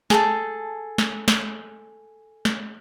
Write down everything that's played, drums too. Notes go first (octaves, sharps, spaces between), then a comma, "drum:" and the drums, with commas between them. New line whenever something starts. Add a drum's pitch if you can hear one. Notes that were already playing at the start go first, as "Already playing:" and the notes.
G#4 A4 A5, drum: snare
drum: snare
drum: snare
drum: snare